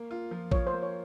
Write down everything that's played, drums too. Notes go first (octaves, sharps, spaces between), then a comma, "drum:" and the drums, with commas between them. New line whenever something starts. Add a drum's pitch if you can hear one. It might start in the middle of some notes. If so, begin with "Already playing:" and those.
Already playing: A#3
F4
F3
F3 C#5, drum: kick A1
C5
A#3
C#5